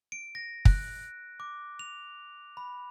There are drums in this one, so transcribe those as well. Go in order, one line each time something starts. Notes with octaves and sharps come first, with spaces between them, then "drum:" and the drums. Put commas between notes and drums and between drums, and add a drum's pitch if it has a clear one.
D7
A#6
F#6, drum: kick
D6
F7
B5